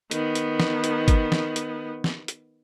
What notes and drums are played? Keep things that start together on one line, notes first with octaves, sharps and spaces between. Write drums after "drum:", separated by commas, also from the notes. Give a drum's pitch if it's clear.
D#3 B3, drum: hi-hat
drum: hi-hat
drum: snare
drum: hi-hat
drum: kick, hi-hat
drum: snare
drum: hi-hat
drum: snare
drum: hi-hat